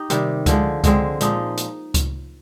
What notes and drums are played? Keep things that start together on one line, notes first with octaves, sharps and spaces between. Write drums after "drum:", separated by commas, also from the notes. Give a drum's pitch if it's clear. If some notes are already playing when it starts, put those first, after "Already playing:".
Already playing: D#4 G4
C3 D#3 G3, drum: hi-hat
D3 F3 G#3, drum: kick C#2, hi-hat
D3 G#3 C4, drum: kick C#2, hi-hat
A#2 F3 G#3 D#4, drum: hi-hat
drum: hi-hat
drum: kick C#2, hi-hat